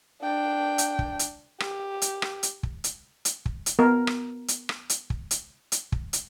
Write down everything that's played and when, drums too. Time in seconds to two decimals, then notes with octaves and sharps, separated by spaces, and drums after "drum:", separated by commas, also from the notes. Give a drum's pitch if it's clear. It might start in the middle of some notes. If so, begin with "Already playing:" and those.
0.22 D4 G5
0.78 drum: hi-hat
0.99 drum: kick
1.19 drum: hi-hat
1.60 G4, drum: rim click
2.02 drum: hi-hat
2.22 drum: rim click
2.43 drum: hi-hat
2.63 drum: kick
2.84 drum: hi-hat
3.25 drum: hi-hat
3.46 drum: kick
3.66 drum: hi-hat
3.79 B3 A#4
4.07 drum: rim click
4.48 drum: hi-hat
4.69 drum: rim click
4.89 drum: hi-hat
5.10 drum: kick
5.31 drum: hi-hat
5.72 drum: hi-hat
5.92 drum: kick
6.13 drum: hi-hat